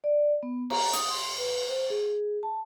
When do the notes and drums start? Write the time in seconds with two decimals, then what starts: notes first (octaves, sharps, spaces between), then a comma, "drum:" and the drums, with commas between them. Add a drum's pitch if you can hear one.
0.04 D5
0.43 B3
0.70 A#5, drum: cymbal
0.93 D#6, drum: hi-hat
1.10 C6
1.38 B4
1.69 C5
1.90 G#4
2.43 A5